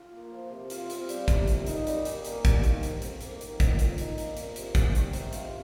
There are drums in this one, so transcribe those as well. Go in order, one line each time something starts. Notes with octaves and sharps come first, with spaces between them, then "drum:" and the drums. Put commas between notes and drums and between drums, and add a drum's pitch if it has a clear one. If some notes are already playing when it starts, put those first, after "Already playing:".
Already playing: F4
A#3
F3
C3
F4, drum: hi-hat
C4, drum: hi-hat
G3, drum: hi-hat
C3, drum: kick, hi-hat
A#2, drum: hi-hat
D#4, drum: hi-hat
G3, drum: hi-hat
A#2, drum: hi-hat
A#3, drum: hi-hat
G3, drum: kick, hi-hat
D#3, drum: hi-hat
F2, drum: hi-hat
F2, drum: hi-hat
A#3, drum: hi-hat
D#3, drum: hi-hat
F2, drum: kick, hi-hat
A#2, drum: hi-hat
D#4, drum: hi-hat
A#3, drum: hi-hat
A#2, drum: hi-hat
C3, drum: hi-hat
G3, drum: kick, hi-hat
D#3, drum: hi-hat
C3, drum: hi-hat
F4, drum: hi-hat